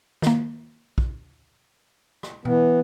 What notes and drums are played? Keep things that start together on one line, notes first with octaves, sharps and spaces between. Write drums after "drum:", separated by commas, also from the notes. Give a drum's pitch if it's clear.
D#3 A#3, drum: snare
drum: kick
drum: rim click
E3 B3, drum: tom B2